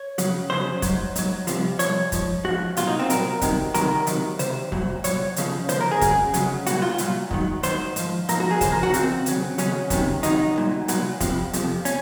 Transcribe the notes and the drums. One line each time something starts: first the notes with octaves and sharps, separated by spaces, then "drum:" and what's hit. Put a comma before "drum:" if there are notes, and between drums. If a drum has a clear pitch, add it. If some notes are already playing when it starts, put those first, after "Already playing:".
Already playing: C#5
F2 C#3 F#3, drum: hi-hat
F2 C#3 F#3 C5
G#2 F#3, drum: kick, hi-hat
G#2 F#3, drum: hi-hat
C2 C3 F3, drum: hi-hat
C2 C3 F3 C#5, drum: hi-hat
G#2 F3, drum: kick, hi-hat
G#2 F3 F#4
C2 A#2 F#3 F4, drum: hi-hat
D#4
C4
C2 A#2 F#3 A#4, drum: hi-hat
C2 C3 D#3 F#3, drum: kick, hi-hat
C2 C3 D#3 F#3 A#4, drum: hi-hat
C#2 C3 D#3 F#3, drum: hi-hat
C#2 C3 C5, drum: hi-hat
C2 A#2 F#3, drum: kick
C2 A#2 F#3 C#5, drum: hi-hat
D#2 C#3 F3, drum: hi-hat
D#2 C#3 F3 C5, drum: hi-hat
A#4
G#4
C#2 C#3 F#3, drum: kick, hi-hat
C#2 C#3 F#3, drum: hi-hat
C2 A#2 F#3 F#4, drum: hi-hat
F4
C2 A#2 F#3, drum: hi-hat
G#2 D#3 F#3, drum: kick
G#2 D#3 F#3 C5, drum: hi-hat
G#2 F3, drum: hi-hat
G#2 F3 A#4, drum: hi-hat
F#4
G#4
D#2 C#3 F3 C5, drum: kick, hi-hat
A#4
F#4
D#2 C#3 F3 C4, drum: hi-hat
D#2 C#3 F#3, drum: hi-hat
D#2 C#3 F#3 C#4, drum: hi-hat
C#2 C3 D#3 F#3, drum: kick, hi-hat
C#2 C3 D#3 F#3 D#4, drum: hi-hat
C2 A#2 F#3
C2 A#2 F#3, drum: hi-hat
F2 C3 F3, drum: kick, hi-hat
F2 C3 F3, drum: hi-hat
C#4, drum: hi-hat